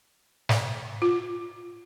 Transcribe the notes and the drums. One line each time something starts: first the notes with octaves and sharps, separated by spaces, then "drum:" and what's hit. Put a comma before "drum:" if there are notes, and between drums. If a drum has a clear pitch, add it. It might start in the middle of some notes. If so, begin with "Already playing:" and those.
drum: snare
F4